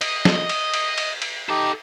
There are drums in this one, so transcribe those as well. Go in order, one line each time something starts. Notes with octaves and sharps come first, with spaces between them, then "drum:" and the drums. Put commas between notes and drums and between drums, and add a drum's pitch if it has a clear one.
D#5, drum: cymbal
drum: snare
drum: cymbal
drum: cymbal
drum: cymbal
drum: cymbal
D#4 G4 A4 D#5